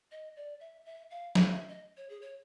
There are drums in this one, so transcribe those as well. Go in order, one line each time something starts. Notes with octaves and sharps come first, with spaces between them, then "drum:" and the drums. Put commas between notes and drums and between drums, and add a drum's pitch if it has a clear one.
D#5
D5
E5
E5
F5
F5, drum: snare
E5
D#5
C#5
G#4
C#5